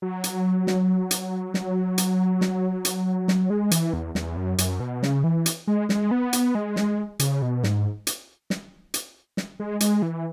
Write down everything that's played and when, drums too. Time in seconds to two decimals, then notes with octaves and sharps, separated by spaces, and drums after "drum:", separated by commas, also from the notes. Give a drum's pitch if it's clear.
0.02 F#3
0.24 drum: hi-hat
0.67 drum: snare
1.11 drum: hi-hat
1.54 drum: snare
1.98 drum: hi-hat
2.41 drum: snare
2.85 drum: hi-hat
3.28 drum: snare
3.50 G#3
3.71 E3, drum: hi-hat
3.94 E2
4.15 E2, drum: snare
4.37 F#2
4.58 F#2, drum: hi-hat
4.80 B2
5.03 C#3, drum: snare
5.24 E3
5.46 drum: hi-hat
5.67 G#3
5.89 G#3, drum: snare
6.11 B3
6.33 drum: hi-hat
6.55 G#3
6.76 drum: snare
7.19 C#3, drum: hi-hat
7.42 B2
7.64 G#2, drum: snare
8.07 drum: hi-hat
8.50 drum: snare
8.94 drum: hi-hat
9.37 drum: snare
9.60 G#3
9.80 G#3, drum: hi-hat
10.02 E3